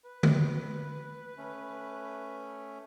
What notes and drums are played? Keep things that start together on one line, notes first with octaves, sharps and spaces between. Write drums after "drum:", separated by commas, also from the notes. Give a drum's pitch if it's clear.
B4
drum: tom D3
A3 C#4